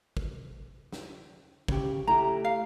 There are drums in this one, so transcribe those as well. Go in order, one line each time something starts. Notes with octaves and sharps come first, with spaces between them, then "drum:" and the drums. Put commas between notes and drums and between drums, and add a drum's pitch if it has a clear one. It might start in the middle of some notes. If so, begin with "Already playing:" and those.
drum: kick
drum: snare
C#3 G4, drum: kick
A3 E4 G4 A#5
F5